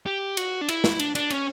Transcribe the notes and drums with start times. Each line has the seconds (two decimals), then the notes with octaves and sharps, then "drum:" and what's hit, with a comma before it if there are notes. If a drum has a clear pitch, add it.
0.06 G4
0.37 F#4, drum: cymbal
0.61 D4
0.69 E4, drum: cymbal
0.84 drum: snare
0.99 D4, drum: cymbal
1.15 D4, drum: cymbal
1.30 C#4, drum: cymbal